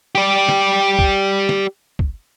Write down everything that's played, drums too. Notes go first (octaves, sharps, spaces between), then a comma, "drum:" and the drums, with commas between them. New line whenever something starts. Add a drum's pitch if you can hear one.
G4 D5
drum: snare
drum: kick
drum: snare
drum: kick